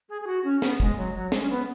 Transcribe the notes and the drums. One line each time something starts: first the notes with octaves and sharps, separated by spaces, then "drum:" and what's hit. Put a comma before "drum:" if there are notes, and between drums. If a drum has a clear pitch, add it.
G#4
G#4
F#4
C#4
B3, drum: snare
G#3, drum: kick
F#3
F#3
G#3, drum: snare
C#4
B3